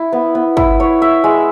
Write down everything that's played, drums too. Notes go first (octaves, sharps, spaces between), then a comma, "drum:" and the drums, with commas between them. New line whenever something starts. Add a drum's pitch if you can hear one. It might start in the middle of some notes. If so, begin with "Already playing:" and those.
Already playing: E4
B3
B3
E4, drum: kick
C#5
E5
G#3